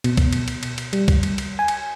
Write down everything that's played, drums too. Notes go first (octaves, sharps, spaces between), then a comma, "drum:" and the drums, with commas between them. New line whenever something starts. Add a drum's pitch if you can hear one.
B2, drum: cymbal
drum: kick B1, cymbal
drum: cymbal
drum: cymbal
drum: cymbal
drum: cymbal
G3, drum: cymbal
drum: kick B1, cymbal
drum: cymbal
drum: cymbal
G#5
drum: cymbal